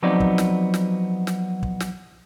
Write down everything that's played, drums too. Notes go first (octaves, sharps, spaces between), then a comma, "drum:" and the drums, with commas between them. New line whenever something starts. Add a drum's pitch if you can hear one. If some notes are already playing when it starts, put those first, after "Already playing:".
F3 F#3 B3 C4 D#4 D5
drum: kick
drum: snare
drum: snare
drum: snare
drum: kick
drum: snare